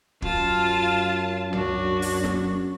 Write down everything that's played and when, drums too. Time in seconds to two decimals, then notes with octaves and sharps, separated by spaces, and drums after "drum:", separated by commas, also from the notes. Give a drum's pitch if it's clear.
0.22 F#2 F4 A5, drum: kick
1.53 F#2 D4 F#4, drum: tom
2.02 drum: open hi-hat
2.24 drum: snare